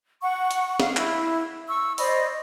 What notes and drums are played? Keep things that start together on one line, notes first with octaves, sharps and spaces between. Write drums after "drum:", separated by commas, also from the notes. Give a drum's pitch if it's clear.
F#5 C#6
drum: hi-hat
F5, drum: snare
E4, drum: clap
C#6 E6
C5 D5 D#5 B5, drum: open hi-hat